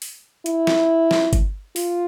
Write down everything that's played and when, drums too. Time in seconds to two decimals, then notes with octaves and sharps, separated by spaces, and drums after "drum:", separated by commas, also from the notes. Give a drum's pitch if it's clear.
0.02 drum: open hi-hat
0.46 E4, drum: hi-hat
0.67 drum: snare
1.11 drum: snare
1.33 drum: kick G1, hi-hat
1.76 F4, drum: open hi-hat